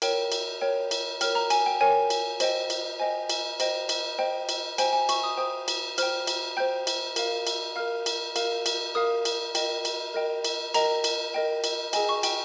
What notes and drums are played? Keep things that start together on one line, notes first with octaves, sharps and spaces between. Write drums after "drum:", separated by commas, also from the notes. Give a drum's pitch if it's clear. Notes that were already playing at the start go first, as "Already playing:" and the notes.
A#4 C#5 G5, drum: cymbal
drum: cymbal
A#4 C#5 G5
drum: cymbal
A#4 C#5 G5 F6, drum: cymbal
A#5
G#5, drum: cymbal
G5
A#4 C#5 G5 G#5
drum: cymbal
C5 D#5 G5, drum: cymbal
drum: cymbal
C5 D#5 G5 G#5
drum: cymbal
C5 D#5 G5, drum: cymbal
drum: cymbal
C5 D#5 G5
drum: cymbal
C5 G5 G#5, drum: cymbal
G#5
C#6, drum: cymbal
D#6
C5 G5 D#6
drum: cymbal
C5 G5 F6, drum: cymbal
drum: cymbal
C5 G5 G6
drum: cymbal
A#4 F5, drum: cymbal
drum: cymbal
A#4 F5 F6
drum: cymbal
A#4 F5, drum: cymbal
drum: cymbal
A#4 F5 D#6
drum: cymbal
A#4 D#5 G5, drum: cymbal
drum: cymbal
A#4 D#5 G5
drum: cymbal
A#4 D#5 G5 A#5, drum: cymbal
drum: cymbal
A#4 D#5 G5
drum: cymbal
G#4 D#5 G5 G#5, drum: cymbal
C#6
G5, drum: cymbal